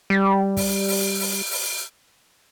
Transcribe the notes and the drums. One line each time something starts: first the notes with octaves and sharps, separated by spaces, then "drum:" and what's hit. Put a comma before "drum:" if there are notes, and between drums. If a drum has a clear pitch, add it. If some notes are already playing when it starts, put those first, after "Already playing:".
G3
drum: kick, open hi-hat
drum: open hi-hat
drum: open hi-hat
drum: open hi-hat